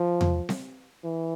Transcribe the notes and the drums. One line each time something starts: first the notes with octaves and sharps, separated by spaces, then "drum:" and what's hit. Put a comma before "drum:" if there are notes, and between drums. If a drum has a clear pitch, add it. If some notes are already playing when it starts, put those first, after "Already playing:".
Already playing: F3
drum: tom E2
drum: snare C4
E3